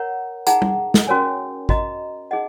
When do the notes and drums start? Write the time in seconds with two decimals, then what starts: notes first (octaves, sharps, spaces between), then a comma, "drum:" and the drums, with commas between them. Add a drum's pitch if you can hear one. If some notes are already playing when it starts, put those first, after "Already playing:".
Already playing: A#4 C#5 F#5 A#5
0.47 D#4 G#4 F#5 A#5, drum: hi-hat
0.62 drum: tom
0.94 drum: snare
1.07 C#4 F#4 A#4 C#5 G#5
1.69 F#4 D#5 A#5, drum: kick
2.31 D#4 G#4 D#5 F#5